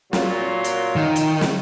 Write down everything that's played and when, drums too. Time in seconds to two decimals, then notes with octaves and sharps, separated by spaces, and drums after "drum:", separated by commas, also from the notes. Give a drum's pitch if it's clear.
0.13 A#2 F#3 F4, drum: snare
0.64 drum: hi-hat
0.96 D#3
1.16 drum: hi-hat
1.41 drum: snare